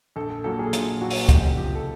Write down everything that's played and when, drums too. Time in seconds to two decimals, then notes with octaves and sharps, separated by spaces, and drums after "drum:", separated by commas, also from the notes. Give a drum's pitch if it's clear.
0.16 A#1 A4
0.30 A4
0.44 A#2 F#3 A#3 A4
0.59 G#4
0.73 A#1 F4, drum: hi-hat
1.00 A#2 F#3 A#3 F#4
1.10 drum: open hi-hat
1.25 F#4
1.29 C#2 G4, drum: kick C#2, hi-hat
1.57 C3 F3 G4
1.75 A4